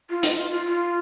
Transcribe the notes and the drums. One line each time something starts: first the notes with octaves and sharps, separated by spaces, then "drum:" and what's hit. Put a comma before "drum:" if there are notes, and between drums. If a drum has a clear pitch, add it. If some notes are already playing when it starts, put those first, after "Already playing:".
F4
D#4, drum: hi-hat
F4
F4
F4